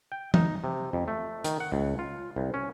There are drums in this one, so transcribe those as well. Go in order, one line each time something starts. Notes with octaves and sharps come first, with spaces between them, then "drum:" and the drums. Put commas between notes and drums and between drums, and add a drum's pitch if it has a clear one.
G5
D#4, drum: tom
C3
F2
A3
D#3, drum: hi-hat
F#5
C#2
F4
C2
C#4